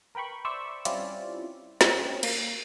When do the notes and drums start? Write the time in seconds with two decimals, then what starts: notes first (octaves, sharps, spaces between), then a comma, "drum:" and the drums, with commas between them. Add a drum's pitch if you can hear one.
0.15 A#4 B4 G5 B5 C#6
0.45 C5 D5 E5 C#6 E6
0.85 G3 C4 C#4 E4 F4 D5, drum: hi-hat
1.81 C4 C#4, drum: snare
2.23 A#3, drum: cymbal